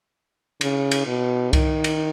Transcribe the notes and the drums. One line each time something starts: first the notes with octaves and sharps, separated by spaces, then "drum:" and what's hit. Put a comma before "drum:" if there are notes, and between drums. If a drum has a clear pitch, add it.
C#3, drum: cymbal
drum: cymbal
B2
D#3, drum: kick C2, cymbal
drum: cymbal